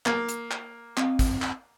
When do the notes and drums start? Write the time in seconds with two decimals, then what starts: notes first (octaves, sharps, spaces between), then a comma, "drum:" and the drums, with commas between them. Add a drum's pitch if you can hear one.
0.06 A#3, drum: clap
0.29 drum: hi-hat
0.51 drum: clap
0.97 C4 D#5 F5, drum: clap
1.19 drum: kick G#1, hi-hat
1.42 drum: clap